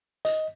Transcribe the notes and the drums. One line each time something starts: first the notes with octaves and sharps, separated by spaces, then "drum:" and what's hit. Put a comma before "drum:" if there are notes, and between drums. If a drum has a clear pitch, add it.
D#5, drum: hi-hat